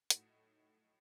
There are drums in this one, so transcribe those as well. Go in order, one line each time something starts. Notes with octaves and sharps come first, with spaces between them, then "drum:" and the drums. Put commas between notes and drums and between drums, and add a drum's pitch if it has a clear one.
A2 A3 D#4 F#4, drum: hi-hat